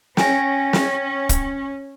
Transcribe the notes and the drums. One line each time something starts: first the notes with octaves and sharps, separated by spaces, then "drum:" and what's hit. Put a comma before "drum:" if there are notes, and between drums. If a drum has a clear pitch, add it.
C#4 G5 G#5 A#6, drum: snare
drum: snare
drum: kick, hi-hat